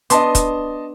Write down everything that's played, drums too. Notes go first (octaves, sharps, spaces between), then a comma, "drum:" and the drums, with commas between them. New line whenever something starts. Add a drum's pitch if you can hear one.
B3 D4 D#5 A5 C6, drum: hi-hat
drum: kick, hi-hat